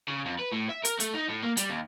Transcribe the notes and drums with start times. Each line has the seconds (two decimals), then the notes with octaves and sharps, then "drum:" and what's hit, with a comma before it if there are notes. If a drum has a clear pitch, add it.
0.08 C#3
0.26 F2
0.39 B4
0.53 A2
0.70 E5
0.85 A#4, drum: hi-hat
1.00 A3, drum: hi-hat
1.15 D#4
1.29 A2
1.43 A#3
1.57 G3, drum: hi-hat
1.70 D#2